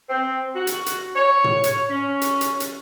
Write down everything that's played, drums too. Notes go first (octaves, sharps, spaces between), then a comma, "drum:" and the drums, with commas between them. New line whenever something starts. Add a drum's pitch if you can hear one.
C4
F#4
drum: hi-hat
drum: hi-hat
C#5
drum: tom
drum: hi-hat
C#4
drum: hi-hat
drum: hi-hat
drum: hi-hat